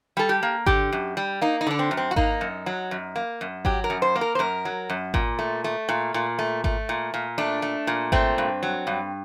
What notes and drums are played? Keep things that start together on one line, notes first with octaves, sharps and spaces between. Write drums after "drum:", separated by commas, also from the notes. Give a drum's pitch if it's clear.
G3 A4
G4
A#3
D3 G4, drum: kick G#1
F#2
G3
A#3 D#4
D#4
D3 D4
C4
F#2
C4
F#4
A#3 D#4, drum: kick G#1
F#2
F#3
F#2
A#3
F#2
F#3 G4, drum: kick G#1
A#4
F#2
C5
A#3
A#4
C5
F#2 A#4
F#3
F#2
A#2, drum: kick G#1
A3
A3
A#2
A#2
A3
A3, drum: kick G#1
A#2
A#2
A3 D4
A3
A#2
A3 C4, drum: kick G#1
G2
F#3
G2